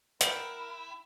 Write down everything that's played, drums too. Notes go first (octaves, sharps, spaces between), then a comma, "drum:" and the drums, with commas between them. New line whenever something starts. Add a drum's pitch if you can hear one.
E4 A#4 F#5 G5, drum: hi-hat